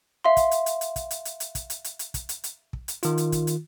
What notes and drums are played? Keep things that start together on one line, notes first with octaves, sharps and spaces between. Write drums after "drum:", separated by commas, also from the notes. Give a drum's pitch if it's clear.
E5 F5 C6
drum: kick, hi-hat
drum: hi-hat
drum: hi-hat
drum: hi-hat
drum: kick, hi-hat
drum: hi-hat
drum: hi-hat
drum: hi-hat
drum: kick, hi-hat
drum: hi-hat
drum: hi-hat
drum: hi-hat
drum: kick, hi-hat
drum: hi-hat
drum: hi-hat
drum: kick
drum: hi-hat
D#3 F4, drum: hi-hat
drum: hi-hat
drum: kick, hi-hat
drum: hi-hat